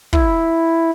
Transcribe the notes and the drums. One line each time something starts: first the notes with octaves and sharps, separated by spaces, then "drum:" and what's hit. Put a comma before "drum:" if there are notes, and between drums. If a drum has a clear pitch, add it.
E4, drum: kick